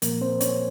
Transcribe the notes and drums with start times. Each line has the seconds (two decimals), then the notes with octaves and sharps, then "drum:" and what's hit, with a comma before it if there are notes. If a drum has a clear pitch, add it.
0.02 A#2 F3 A#3 A#4, drum: hi-hat
0.21 C4 C5
0.41 C#4 C#5, drum: hi-hat